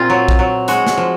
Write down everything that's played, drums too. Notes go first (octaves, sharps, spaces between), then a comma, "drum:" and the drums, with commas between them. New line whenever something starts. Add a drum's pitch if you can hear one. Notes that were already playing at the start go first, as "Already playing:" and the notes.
Already playing: A#2 C4 F4
F#3
drum: kick
F#3
G#3 F#4, drum: hi-hat
drum: snare
F3